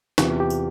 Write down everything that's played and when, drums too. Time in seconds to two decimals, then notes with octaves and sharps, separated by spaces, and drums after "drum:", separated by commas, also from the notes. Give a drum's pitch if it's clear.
0.18 E2 C3 E3 B3 F4 G4, drum: snare
0.40 G4
0.50 drum: tambourine